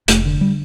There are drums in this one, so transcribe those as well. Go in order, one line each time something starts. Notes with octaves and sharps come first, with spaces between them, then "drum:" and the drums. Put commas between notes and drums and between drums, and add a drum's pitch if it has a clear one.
F1 A3, drum: hi-hat
D3
G3